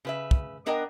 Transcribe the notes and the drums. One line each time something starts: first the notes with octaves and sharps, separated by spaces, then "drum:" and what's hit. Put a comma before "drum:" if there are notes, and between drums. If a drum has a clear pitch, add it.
C#3 B4 E5
drum: kick
B3 D4 A#4 D#5 G5